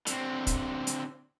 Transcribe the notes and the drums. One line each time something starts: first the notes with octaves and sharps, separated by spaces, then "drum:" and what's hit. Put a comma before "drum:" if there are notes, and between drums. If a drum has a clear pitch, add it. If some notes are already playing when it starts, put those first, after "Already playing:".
D3 C4, drum: hi-hat
drum: kick, hi-hat
drum: hi-hat